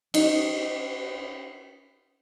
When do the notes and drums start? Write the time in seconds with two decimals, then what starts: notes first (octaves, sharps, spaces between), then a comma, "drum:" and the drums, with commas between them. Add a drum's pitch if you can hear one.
0.14 D#4 D#5, drum: cymbal